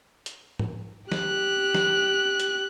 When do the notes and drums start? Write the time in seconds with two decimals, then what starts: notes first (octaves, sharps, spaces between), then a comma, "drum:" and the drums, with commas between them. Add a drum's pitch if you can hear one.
0.26 drum: hi-hat
0.59 drum: tom G#2
1.12 G4 F#6, drum: snare
1.74 drum: snare
2.40 drum: hi-hat